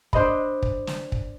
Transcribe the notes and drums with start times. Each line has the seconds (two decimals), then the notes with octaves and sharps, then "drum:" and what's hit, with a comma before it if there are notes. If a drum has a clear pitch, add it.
0.13 D4 C5 D#5 B5, drum: kick
0.62 drum: kick
0.87 drum: snare
1.12 drum: kick